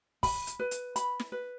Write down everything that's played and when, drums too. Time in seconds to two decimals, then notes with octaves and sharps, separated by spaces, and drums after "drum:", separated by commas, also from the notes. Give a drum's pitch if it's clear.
0.23 B5, drum: kick, open hi-hat
0.47 drum: hi-hat
0.59 B4
0.71 drum: hi-hat
0.96 B5, drum: hi-hat
1.20 drum: snare
1.32 B4